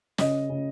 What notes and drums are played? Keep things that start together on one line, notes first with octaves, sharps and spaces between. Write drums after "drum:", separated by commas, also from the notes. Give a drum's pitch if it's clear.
C#3 D#5, drum: snare
C#3